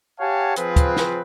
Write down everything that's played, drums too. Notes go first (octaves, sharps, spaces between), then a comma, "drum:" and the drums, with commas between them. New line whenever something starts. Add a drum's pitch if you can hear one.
G4 C#5 F5 F#5 G#5 A5
F3 C4 F4 G#4 B4, drum: hi-hat
drum: kick, hi-hat
drum: snare